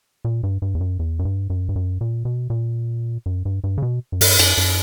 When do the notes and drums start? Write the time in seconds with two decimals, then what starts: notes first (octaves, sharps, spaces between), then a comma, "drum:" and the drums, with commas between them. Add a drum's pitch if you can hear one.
0.25 A#2
0.43 G2
0.62 G2
0.75 E2
0.81 F#2
0.99 E2
1.19 F#2
1.25 G2
1.50 F#2
1.69 G2
1.76 F#2
2.01 A#2
2.25 B2
2.50 A#2
3.26 F#2
3.45 G2
3.64 G2
3.78 C#3
3.82 B2
4.12 F#2
4.21 G2, drum: open hi-hat
4.39 F#2, drum: cymbal
4.57 F#2